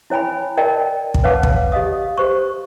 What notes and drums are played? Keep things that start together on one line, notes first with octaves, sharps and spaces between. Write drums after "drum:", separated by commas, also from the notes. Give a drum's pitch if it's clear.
E4 C#5 G5 G#5 B5
A#4 D5 D#5 G5 A5
drum: kick
B4 C#5 F5 F#5 A5 D6
drum: kick
G4 D#5 F5 D#6
G4 C5 C#6